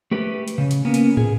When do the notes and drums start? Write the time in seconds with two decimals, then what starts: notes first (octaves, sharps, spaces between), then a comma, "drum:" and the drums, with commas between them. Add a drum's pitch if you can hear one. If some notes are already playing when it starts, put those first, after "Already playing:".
0.11 A3 G4 B4
0.48 drum: hi-hat
0.58 C#3
0.71 drum: hi-hat
0.85 A#3 B3 C#4
0.94 drum: hi-hat
1.17 G#4, drum: tom